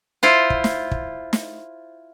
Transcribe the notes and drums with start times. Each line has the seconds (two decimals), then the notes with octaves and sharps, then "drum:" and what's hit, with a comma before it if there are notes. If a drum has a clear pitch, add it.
0.23 E4 F4 C5
0.50 drum: kick
0.64 drum: snare
0.91 drum: kick
1.33 drum: snare